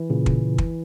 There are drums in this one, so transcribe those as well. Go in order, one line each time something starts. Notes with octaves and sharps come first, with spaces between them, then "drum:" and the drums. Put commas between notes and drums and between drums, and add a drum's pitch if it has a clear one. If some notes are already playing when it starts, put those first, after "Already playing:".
Already playing: E3
A#2 C#3
drum: kick
drum: kick